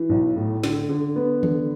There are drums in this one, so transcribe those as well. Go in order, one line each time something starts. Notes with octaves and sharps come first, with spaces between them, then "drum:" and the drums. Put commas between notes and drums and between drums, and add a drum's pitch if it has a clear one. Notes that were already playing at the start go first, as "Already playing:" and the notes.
Already playing: E3
B1
A2
D3, drum: snare
D3
B3
D3, drum: tom D#3